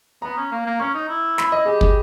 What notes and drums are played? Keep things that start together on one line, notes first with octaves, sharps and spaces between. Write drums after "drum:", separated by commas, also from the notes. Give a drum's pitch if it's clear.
B3 A#5
C#4
A#3
A#3
C#4 C#6
D#4
E4
B5, drum: snare
E4 D#5
G4 G#4
G4, drum: kick